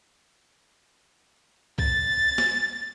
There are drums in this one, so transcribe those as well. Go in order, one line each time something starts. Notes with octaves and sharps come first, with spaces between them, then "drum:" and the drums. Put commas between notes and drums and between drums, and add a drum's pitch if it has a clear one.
A6, drum: kick C2
drum: snare